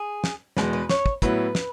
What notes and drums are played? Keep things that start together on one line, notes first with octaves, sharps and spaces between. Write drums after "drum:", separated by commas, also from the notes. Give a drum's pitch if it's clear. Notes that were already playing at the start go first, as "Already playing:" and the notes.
Already playing: G#4
drum: snare
E2 B2 G#3 B4, drum: snare
B4
C#5, drum: snare
drum: kick
A2 F#3 B3 E4 B4, drum: kick, hi-hat
drum: snare